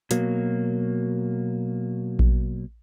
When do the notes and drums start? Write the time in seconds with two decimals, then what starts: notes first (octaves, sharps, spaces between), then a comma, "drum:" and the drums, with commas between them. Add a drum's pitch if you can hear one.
0.11 B2 F#3 A#3, drum: hi-hat
2.19 drum: kick A#1